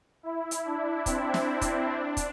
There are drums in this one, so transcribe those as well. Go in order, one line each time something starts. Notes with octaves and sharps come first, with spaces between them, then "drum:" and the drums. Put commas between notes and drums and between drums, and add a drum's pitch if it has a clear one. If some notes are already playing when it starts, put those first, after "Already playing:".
E4
drum: hi-hat
D4
C4, drum: kick, hi-hat
drum: snare
drum: kick, hi-hat
D4
drum: kick, hi-hat